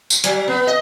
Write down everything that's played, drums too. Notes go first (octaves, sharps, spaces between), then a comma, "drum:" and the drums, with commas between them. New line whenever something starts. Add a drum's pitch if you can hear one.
drum: tambourine
F#3, drum: hi-hat
B3
D#5